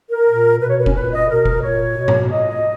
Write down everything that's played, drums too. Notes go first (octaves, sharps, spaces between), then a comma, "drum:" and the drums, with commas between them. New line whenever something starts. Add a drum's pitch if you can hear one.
A#4
A#2
B2 B4
C#5
B4
C#4, drum: kick F1
A#2 B4
D#5
B2 A#4
drum: kick F1
A#2 C#5
B2
drum: tom G#2
A#2 D#5